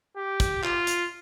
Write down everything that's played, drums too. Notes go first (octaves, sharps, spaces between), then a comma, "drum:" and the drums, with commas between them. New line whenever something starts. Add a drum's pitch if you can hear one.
G4
drum: kick, hi-hat
F4, drum: clap
drum: hi-hat